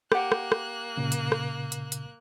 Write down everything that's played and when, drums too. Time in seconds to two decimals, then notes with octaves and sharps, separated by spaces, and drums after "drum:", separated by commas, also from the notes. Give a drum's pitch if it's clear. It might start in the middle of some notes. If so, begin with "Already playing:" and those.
0.12 A#3 G4 F#5 D6 F#6, drum: rim click
0.32 drum: rim click
0.52 drum: rim click
0.97 A#2 C#3
1.12 drum: hi-hat
1.32 drum: rim click
1.72 drum: hi-hat
1.92 drum: hi-hat